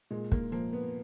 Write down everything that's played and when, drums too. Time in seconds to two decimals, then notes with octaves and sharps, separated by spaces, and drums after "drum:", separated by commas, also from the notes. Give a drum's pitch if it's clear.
0.11 A#2 G#3
0.32 A#3, drum: kick
0.52 F3 A#3
0.73 B3